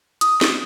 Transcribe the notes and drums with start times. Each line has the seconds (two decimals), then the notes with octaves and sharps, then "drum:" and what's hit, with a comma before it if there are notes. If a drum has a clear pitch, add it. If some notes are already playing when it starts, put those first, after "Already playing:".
0.21 D#6, drum: hi-hat
0.41 drum: snare